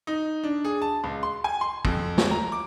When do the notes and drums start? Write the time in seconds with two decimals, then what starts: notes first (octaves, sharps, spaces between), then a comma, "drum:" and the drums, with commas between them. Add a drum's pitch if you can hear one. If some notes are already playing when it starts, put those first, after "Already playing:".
0.07 D#4
0.44 D4
0.64 G#4
0.82 A5
1.04 C#2
1.23 C6
1.44 G#5
1.61 C6
1.85 F2, drum: kick
2.18 F2, drum: snare
2.31 A#5
2.52 D6